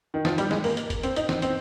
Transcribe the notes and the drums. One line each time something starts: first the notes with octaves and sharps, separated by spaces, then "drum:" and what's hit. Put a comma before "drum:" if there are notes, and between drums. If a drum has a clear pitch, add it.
D#3
F3, drum: snare
G3, drum: hi-hat
G#3, drum: snare
A#3, drum: open hi-hat
drum: hi-hat
drum: kick, hi-hat
C4, drum: hi-hat
D#4, drum: hi-hat
C4, drum: snare
C4, drum: hi-hat